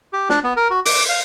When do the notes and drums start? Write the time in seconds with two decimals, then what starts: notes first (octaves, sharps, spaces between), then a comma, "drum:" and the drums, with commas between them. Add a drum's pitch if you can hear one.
0.13 G4
0.29 D4, drum: snare
0.44 B3
0.57 A#4
0.70 F#4
0.85 D6, drum: open hi-hat
1.09 F5